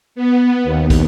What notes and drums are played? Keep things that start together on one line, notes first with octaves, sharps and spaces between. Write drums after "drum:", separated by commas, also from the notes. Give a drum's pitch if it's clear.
B3
D#2
drum: kick, hi-hat